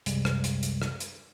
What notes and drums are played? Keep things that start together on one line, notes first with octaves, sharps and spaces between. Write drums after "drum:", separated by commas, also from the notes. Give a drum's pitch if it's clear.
C2 F#2 C3 G3 G#3, drum: hi-hat
drum: rim click
drum: hi-hat
drum: hi-hat
drum: rim click
drum: hi-hat